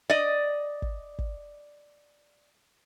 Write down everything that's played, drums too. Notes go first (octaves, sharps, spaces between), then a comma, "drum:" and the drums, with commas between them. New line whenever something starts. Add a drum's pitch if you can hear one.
D5 D#5
drum: kick
drum: kick